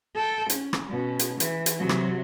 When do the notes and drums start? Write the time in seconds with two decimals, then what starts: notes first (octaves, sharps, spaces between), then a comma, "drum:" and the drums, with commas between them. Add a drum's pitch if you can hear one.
0.15 A4 G5
0.50 C#4, drum: hi-hat
0.73 drum: rim click
0.89 B2 C#4
1.19 drum: hi-hat
1.40 E3, drum: hi-hat
1.66 drum: hi-hat
1.78 C3 F#3
1.89 drum: rim click